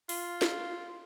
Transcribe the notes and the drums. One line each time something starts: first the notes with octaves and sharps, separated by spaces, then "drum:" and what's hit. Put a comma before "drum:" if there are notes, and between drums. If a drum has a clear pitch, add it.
F4, drum: open hi-hat
drum: snare